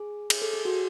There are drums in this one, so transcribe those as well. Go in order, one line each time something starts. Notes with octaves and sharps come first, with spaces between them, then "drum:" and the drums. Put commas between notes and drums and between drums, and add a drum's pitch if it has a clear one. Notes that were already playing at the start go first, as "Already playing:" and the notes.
Already playing: G#4
G#4, drum: cymbal
A4
G#4
F#4